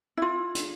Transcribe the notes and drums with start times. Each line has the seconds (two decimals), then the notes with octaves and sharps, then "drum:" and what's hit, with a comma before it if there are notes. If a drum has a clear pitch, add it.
0.17 E4
0.22 F4
0.55 drum: hi-hat